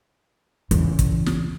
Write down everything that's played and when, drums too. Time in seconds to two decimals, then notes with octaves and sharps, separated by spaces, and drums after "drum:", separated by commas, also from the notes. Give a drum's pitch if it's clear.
0.71 E2 C#3, drum: hi-hat
0.99 drum: kick, hi-hat
1.26 drum: snare